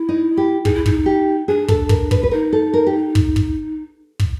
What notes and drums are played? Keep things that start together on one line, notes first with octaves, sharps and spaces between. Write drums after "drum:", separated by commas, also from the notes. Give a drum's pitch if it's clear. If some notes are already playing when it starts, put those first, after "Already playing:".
Already playing: E4
D#4
G4
D#4 G#4, drum: kick
E4
D#4, drum: kick
G4
D4 G#4
A4, drum: kick
A#4, drum: kick
B4, drum: kick
B4
D#4 A#4
A4
A#4
G4
drum: kick
drum: kick
drum: kick